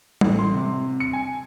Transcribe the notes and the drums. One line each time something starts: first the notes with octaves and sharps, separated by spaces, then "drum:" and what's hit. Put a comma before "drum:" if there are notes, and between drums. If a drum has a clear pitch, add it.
A1, drum: tom G3
C6
C3
C#7
G#5